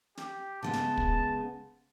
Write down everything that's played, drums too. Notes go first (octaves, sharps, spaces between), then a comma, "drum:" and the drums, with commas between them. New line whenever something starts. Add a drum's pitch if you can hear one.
G4, drum: snare
C#3 G#3 B3 A5
drum: snare
drum: kick